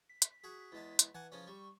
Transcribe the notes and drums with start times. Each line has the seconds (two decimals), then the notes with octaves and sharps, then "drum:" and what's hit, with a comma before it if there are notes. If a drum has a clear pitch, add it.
0.09 B6
0.22 drum: hi-hat
0.44 F#4 G#4
0.72 E2 G#3 A5
0.99 drum: hi-hat
1.15 E3 F#5 G#5 A5
1.32 C#3 F3 C#4
1.47 G3 C#6